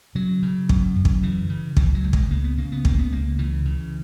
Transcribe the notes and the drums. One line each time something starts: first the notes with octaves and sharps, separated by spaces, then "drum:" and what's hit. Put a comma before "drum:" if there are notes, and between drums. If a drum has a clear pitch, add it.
C#3 F#3
C#3
F#2, drum: kick
F#2
drum: kick
C#3 E3
C#3
C#2 E3, drum: kick
F#3
C#2
G#3, drum: kick
C#3 A#3
B3
C#3 A#3
B3
C#2 A#3, drum: kick
B3
C#2 A#3
C#3 E3
C#3